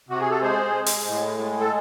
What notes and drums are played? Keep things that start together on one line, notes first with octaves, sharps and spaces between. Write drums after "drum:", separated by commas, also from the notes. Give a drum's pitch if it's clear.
C3 F#4
G#4
A4
G#3 G#4 C5
G#3
drum: open hi-hat
A2
G#3
A4